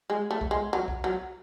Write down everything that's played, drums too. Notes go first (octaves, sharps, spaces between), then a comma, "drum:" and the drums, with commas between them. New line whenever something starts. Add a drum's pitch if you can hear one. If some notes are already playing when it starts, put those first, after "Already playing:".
G#3
A3
drum: kick B1
G#3
F#3
drum: kick B1
F#3